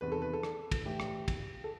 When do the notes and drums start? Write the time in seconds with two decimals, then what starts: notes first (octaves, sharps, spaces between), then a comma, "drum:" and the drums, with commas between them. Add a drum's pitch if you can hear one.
0.01 E2 C3 D#3 B4
0.12 A4
0.22 B4
0.33 A4
0.43 drum: rim click
0.72 drum: kick, cymbal
0.85 A2 E3 G4
1.00 drum: rim click
1.28 drum: kick, cymbal
1.64 A4